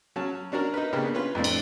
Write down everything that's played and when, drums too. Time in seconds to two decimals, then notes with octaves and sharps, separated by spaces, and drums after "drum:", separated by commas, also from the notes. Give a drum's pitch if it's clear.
0.16 F#3 C#4 A5
0.52 C#4 D4 F#4 A#4
0.74 D#4 A#4 B4
0.93 C#3 A#3 B3 D4 G4
1.15 C#4 F4 B4
1.35 F2 A2 C4 D4
1.44 drum: cymbal